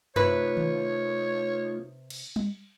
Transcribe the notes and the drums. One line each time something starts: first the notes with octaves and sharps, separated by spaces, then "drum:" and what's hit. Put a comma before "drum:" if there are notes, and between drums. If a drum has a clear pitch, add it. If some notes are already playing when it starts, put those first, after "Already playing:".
C3 A3 D#4 F4 B4 C#5, drum: tom F#2
drum: tom D#3
drum: cymbal
drum: tom G3